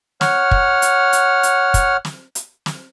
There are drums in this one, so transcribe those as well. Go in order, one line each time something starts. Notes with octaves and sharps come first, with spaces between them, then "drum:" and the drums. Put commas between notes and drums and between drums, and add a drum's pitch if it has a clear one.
C#5 F#5 F6, drum: snare
drum: kick
drum: hi-hat
drum: hi-hat
drum: hi-hat
drum: kick, hi-hat
drum: snare
drum: hi-hat
drum: snare